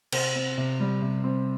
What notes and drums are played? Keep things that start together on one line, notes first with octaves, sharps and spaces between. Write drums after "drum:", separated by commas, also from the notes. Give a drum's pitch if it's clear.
C3 C5, drum: cymbal
C4
C3
G3
C3
C4